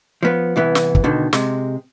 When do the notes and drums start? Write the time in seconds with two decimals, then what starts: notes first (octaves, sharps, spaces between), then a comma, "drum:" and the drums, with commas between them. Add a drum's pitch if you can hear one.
0.23 F3 B3
0.56 C2 E3 B3
0.75 drum: snare
0.95 drum: kick
1.04 B2 D3 D#3
1.33 C3 G#3, drum: snare